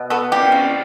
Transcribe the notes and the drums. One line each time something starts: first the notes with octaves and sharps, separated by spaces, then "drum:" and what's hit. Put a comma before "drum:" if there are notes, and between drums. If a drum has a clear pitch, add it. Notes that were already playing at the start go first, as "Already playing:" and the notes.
Already playing: B2
B3 A4
C#3 G4, drum: cymbal
C#3